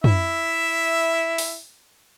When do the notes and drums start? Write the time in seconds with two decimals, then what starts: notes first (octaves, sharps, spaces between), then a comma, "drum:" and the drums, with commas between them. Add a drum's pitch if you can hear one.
0.04 E4 E5, drum: tom
1.38 drum: open hi-hat